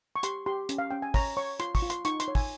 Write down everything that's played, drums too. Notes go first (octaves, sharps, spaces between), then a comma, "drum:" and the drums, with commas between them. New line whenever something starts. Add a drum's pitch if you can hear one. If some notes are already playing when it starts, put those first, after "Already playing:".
C#6
G4 C6, drum: hi-hat
G4 C6
C#4, drum: hi-hat
F5
C#4 G5
G#5
C#5 A#5, drum: kick, open hi-hat
C#5 C#6
F4 C6, drum: hi-hat
C#6, drum: kick, open hi-hat
F4
C6, drum: hi-hat
D#4 C#6, drum: hi-hat
C6, drum: hi-hat
C#5
G#5, drum: kick, open hi-hat